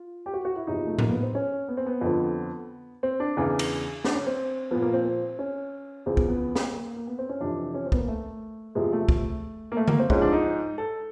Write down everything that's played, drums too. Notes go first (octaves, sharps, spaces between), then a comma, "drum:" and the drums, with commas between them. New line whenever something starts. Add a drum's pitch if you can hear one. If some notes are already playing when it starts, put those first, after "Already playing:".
Already playing: F4
G4
F#4
F#4
E4
E2 C3 F3 D#4
A3
A#3, drum: tom A2
B3
C4
C#4
B3
C4
B3
F2 D3 F3
C4
D4
E2 C#3 E3
drum: cymbal
D4, drum: snare
C#4
C4
A#2 F3 B3
A#3
C4
C4
C#4
E2 C#3 F3 C4
B3, drum: kick
B3
drum: snare
A#3
A#3
B3
C4
C#4
F2 C3 E3 D4
C#4
C4
B3, drum: kick
A#3
A3
E2 C3 F3 G#3
A3
drum: kick
A#3
A3
A#3, drum: tom D3
C4
G#2 F3 C#4, drum: kick
D4
D#4
A4